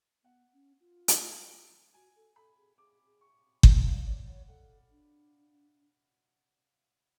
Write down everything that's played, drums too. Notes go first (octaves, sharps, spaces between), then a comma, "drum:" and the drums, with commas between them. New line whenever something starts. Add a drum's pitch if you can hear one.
B3 F#5
C#4
F4
drum: hi-hat
F#4 G#5
A4
A4 B5
G#4
G#4 D6
G#4
C#6
F4 B5, drum: kick G1
D5 F5
C#5 D5
C#5 F#5
A4 F#5
D4